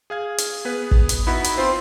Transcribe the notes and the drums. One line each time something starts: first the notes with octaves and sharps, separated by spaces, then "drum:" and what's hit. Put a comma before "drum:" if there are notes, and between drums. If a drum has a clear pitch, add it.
G#4 F5 G#6
drum: hi-hat
B3 G#4 B4
drum: kick
drum: hi-hat
B3 D#4 E4 F#4
drum: hi-hat
C4 F4 C5